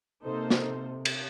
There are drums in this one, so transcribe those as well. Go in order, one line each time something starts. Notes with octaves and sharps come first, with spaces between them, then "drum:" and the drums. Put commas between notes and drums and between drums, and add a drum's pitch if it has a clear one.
C3 A#3 D#4 A4 C5
drum: snare A#3
drum: cymbal